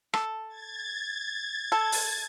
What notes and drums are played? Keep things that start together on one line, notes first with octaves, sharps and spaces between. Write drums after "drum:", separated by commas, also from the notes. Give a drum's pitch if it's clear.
A4, drum: rim click
G#6 A6
A4
drum: open hi-hat